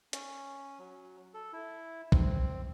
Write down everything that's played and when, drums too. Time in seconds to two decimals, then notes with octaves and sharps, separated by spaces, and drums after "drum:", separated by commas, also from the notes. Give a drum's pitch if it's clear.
0.13 C#4, drum: hi-hat
0.79 F#3
1.34 A4
1.53 E4
2.12 C4, drum: kick